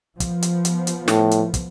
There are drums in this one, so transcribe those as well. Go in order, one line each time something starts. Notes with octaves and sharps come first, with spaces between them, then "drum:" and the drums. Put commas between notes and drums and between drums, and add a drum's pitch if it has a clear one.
F3 B3, drum: kick, hi-hat
drum: hi-hat
drum: hi-hat
drum: hi-hat
A2, drum: snare
drum: hi-hat
drum: kick, hi-hat